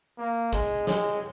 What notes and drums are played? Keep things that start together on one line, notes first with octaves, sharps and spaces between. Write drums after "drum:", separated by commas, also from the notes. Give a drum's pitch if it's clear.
A#3
G#3, drum: kick G#1, hi-hat
G#3, drum: snare